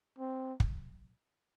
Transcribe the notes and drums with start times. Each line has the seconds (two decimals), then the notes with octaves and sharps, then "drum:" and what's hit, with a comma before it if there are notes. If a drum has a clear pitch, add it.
0.18 C4
0.60 drum: kick